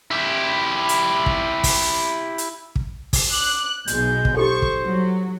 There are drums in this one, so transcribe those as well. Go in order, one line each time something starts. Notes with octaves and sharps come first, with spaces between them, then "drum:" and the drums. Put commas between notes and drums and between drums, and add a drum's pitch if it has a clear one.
E4 G4
drum: hi-hat
drum: kick
drum: kick, open hi-hat
drum: hi-hat
drum: kick
drum: kick, open hi-hat
D6 F#6
B1 B2 G#3 G6, drum: hi-hat
drum: kick
D#4 G4 A4 C5 C#6
drum: kick
F#3